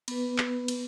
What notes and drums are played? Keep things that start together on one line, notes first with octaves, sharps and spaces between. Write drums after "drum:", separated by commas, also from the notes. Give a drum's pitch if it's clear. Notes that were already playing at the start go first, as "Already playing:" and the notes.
B3 B4, drum: cymbal
drum: clap
drum: cymbal